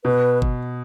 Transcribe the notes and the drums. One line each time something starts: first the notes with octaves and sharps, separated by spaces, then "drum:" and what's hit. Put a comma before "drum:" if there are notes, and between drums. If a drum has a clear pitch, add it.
B2 B4
drum: kick